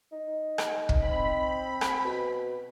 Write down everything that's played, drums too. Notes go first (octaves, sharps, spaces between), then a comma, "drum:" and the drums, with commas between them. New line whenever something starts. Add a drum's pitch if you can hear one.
D#4
drum: rim click
drum: kick
C4 B5
drum: rim click
B2